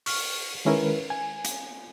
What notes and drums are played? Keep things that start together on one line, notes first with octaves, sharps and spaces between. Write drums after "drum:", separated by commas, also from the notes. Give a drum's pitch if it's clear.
C#6 F6, drum: open hi-hat
D#3 G#3 C#4 E4 A#4 B4
G#5
drum: hi-hat